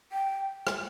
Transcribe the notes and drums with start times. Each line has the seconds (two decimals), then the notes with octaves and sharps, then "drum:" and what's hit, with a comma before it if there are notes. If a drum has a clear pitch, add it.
0.12 G5
0.67 drum: rim click